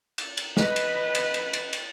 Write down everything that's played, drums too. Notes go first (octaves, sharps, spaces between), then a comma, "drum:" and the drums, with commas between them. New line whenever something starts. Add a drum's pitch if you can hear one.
drum: cymbal
drum: cymbal
B4 D#5, drum: snare
drum: cymbal
drum: cymbal
drum: cymbal
drum: cymbal
drum: cymbal